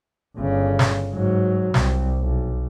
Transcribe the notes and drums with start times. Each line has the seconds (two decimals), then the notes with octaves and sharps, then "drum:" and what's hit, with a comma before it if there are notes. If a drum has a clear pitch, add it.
0.37 G1 C#3
0.79 drum: snare
1.13 G#2 F#3
1.74 C2, drum: snare
2.19 B1